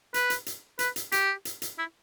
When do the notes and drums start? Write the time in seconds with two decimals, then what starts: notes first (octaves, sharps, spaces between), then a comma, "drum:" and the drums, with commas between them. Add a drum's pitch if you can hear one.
0.14 B4, drum: hi-hat
0.30 drum: hi-hat
0.46 drum: hi-hat
0.79 B4, drum: hi-hat
0.96 drum: hi-hat
1.12 G4, drum: hi-hat
1.45 drum: hi-hat
1.62 drum: hi-hat
1.79 E4